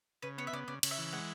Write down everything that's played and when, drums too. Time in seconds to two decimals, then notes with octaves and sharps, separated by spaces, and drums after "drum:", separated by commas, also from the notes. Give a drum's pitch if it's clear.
0.22 C#3 B4
0.38 B3 C#5
0.47 E5
0.53 C#3 D5
0.68 C#3 D5
0.83 C#3, drum: cymbal
0.91 E5
0.98 E3
1.13 G#3 F#5